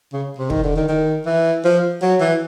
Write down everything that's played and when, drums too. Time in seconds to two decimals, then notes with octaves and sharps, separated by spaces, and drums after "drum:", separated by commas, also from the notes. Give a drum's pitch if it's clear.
0.13 C#3
0.38 C3
0.50 D#3, drum: kick
0.63 D3
0.76 D#3
0.88 D#3
1.26 E3
1.65 F3
2.02 F#3
2.20 E3